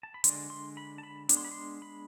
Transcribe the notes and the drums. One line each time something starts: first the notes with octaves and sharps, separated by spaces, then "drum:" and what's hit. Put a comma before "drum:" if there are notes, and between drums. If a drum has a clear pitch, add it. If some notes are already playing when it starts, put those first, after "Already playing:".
A5
B5
D3 G#3 D4 C6, drum: hi-hat
C6
B5
A5
B5
G#3 B3 D4, drum: hi-hat
C6
B5
C6
B5